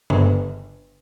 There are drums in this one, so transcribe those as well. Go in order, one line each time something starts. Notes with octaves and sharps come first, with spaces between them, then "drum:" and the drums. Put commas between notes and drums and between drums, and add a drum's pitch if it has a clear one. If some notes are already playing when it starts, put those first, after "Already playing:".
G1, drum: tom C#3